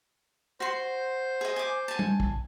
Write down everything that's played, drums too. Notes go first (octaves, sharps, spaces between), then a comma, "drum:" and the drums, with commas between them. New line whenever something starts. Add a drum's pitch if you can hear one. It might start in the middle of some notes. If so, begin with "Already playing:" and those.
F#4 C5 C6
G#4 D#5
G#5 D6
G#5 A5
drum: tom G3
drum: kick A#1